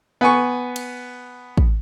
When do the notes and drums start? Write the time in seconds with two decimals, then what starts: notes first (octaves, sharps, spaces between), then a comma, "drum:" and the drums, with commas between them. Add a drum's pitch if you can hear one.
0.21 B3 G#5 C#6
0.76 drum: cymbal
1.57 drum: kick A1